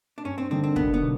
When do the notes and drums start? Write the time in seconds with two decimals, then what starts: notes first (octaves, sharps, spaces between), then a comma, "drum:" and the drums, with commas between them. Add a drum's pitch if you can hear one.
0.18 D4
0.25 G2 C#4
0.38 C4
0.51 D3 G3 A#3 C4 D#4
0.64 C4
0.76 C2 B3, drum: kick
0.94 B3
1.01 B2 F#3